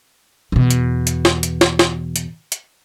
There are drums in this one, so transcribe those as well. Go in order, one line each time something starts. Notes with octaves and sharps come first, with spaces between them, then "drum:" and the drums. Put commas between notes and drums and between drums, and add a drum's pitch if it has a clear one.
E2 B2
drum: hi-hat
drum: hi-hat
drum: snare
drum: hi-hat
drum: snare
drum: snare
drum: hi-hat
drum: hi-hat